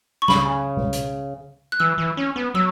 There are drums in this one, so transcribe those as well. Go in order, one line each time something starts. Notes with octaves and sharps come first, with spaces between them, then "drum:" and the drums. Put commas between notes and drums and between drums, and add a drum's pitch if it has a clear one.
C#6
C#3 B5, drum: snare
drum: tom B2
drum: hi-hat
F#6
E3 E6
E3
C#4
B3
F#3 E6